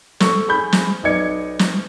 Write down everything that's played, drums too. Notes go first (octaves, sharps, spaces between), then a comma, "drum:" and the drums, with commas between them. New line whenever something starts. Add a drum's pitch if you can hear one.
A4 C#6, drum: snare
G#4 B5 G6
drum: snare
B1 B3 D5 D#5 G#6 C#7
drum: snare